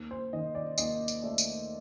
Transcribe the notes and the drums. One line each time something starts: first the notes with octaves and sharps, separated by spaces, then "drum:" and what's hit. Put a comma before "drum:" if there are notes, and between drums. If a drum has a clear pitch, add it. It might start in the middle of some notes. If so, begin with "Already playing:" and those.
Already playing: D#2
C5
D#3 D#5
D5
D#2 D#5, drum: tambourine
drum: tambourine
A3 D5
drum: tambourine